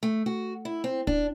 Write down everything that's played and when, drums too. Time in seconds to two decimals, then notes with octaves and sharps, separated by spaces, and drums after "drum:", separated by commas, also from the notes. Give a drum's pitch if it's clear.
0.03 A3
0.26 F#4
0.65 E4
0.84 C4
1.07 D4, drum: kick